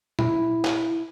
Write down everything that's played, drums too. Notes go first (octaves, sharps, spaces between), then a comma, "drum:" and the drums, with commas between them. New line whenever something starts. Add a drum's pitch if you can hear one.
E4, drum: tom A#2
drum: clap